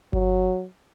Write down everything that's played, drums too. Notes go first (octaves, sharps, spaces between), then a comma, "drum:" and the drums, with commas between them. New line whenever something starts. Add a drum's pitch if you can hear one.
F#3, drum: kick G1